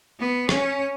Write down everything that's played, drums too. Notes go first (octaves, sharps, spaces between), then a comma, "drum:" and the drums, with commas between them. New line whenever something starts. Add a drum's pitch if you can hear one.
B3
C#4, drum: rim click